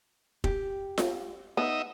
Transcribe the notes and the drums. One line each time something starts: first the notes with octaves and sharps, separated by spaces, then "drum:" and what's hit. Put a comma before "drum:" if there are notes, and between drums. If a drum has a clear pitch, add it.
G4, drum: kick
drum: snare F4
B3 D#4 D#5 E5